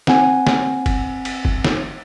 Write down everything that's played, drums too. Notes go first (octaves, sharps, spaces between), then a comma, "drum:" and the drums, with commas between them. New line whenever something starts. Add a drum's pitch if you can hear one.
C4 F#5 G#5, drum: snare
drum: snare
drum: kick F#1, cymbal
drum: cymbal
drum: kick F#1
drum: snare